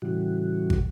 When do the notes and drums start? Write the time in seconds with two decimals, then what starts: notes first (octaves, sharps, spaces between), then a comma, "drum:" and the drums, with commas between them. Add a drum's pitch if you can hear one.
0.02 A2 C#3 E3 G3 F#4
0.70 drum: kick